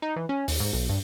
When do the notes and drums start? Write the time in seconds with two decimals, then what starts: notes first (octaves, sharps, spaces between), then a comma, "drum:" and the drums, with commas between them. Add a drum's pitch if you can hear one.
0.02 D#4
0.16 E3
0.29 C#4
0.48 D#2, drum: open hi-hat
0.60 G#2
0.73 B1
0.89 G2